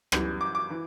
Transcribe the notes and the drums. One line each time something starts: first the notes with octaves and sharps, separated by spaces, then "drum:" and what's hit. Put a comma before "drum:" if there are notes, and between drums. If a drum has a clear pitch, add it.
F#2 E3 G3, drum: rim click
D6
D6
E3